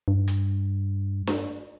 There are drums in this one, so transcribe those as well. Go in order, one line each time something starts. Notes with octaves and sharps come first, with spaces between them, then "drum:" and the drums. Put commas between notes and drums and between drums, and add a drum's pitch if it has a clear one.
G2
drum: hi-hat
drum: snare D4